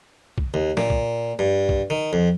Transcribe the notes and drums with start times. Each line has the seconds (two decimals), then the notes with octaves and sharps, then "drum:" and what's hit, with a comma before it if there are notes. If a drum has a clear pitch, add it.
0.38 drum: kick
0.54 D#2
0.77 A#2, drum: snare
0.90 drum: kick
1.39 G2
1.69 drum: kick
1.90 D#3
2.13 F2